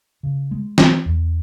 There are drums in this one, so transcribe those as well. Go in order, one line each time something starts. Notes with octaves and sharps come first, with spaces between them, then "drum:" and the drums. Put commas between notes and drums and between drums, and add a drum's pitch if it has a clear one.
C#3
G#3
E3, drum: snare
E2